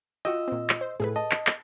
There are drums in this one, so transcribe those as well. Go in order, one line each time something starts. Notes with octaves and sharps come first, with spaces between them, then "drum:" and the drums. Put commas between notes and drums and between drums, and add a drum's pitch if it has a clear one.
F4 F#4 D#5 G5 E6
A#2 C4
drum: clap
C5
A2 G#4 A4 B4
D#5 A5
drum: clap
drum: clap